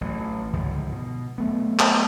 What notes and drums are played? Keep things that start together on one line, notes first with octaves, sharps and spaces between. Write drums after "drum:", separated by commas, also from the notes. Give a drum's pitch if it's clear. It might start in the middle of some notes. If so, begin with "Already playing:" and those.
A1 F#3
C#2 G#2 D3 F3
B2
F#3 A3 B3
drum: clap